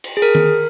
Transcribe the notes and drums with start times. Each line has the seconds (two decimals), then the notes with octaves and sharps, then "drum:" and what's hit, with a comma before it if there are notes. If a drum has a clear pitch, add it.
0.04 drum: cymbal
0.17 G#4
0.22 A#4
0.35 drum: tom D#3